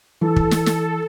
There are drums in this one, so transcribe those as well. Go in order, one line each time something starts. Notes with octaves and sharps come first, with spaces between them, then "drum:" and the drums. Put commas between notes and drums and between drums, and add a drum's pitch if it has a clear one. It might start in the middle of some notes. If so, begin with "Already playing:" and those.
E3 A4
drum: kick
drum: snare
drum: snare